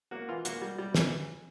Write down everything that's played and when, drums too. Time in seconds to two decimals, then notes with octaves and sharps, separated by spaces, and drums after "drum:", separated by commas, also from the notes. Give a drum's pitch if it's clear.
0.11 A#3 F#4
0.29 E3 F4
0.45 A#3 F#4, drum: hi-hat
0.62 G3
0.78 G3
0.95 E3, drum: snare